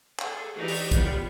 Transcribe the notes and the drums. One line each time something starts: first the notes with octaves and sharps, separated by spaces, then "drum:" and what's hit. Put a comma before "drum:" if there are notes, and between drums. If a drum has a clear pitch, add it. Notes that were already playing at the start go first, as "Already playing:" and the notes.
G#4 A4, drum: clap
E3 D#4 F#4 G4 D5
drum: open hi-hat
G3 B3 F4, drum: kick, hi-hat